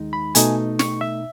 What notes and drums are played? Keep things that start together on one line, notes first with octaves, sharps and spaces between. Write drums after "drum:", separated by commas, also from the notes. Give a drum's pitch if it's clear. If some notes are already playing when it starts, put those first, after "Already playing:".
Already playing: D#2 D#3 G#3 D#4
B5
B2 A3 D#4 G#5, drum: hi-hat
C#6, drum: snare
E5